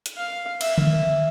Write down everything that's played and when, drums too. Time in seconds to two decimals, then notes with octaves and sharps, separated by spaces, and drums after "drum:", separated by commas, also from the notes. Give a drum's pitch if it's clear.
0.06 drum: hi-hat
0.17 F5
0.61 E5, drum: cymbal
0.78 drum: tom